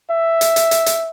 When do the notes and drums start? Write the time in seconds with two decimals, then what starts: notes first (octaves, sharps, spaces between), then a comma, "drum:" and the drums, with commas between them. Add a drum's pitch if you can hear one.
0.10 E5
0.41 drum: hi-hat
0.56 drum: hi-hat
0.71 drum: hi-hat
0.86 drum: hi-hat